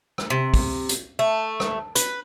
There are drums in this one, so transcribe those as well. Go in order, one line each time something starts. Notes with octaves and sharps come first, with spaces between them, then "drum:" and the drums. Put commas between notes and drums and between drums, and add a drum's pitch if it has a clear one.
drum: rim click
C3
drum: kick, open hi-hat
drum: hi-hat
A3
drum: rim click
B4, drum: hi-hat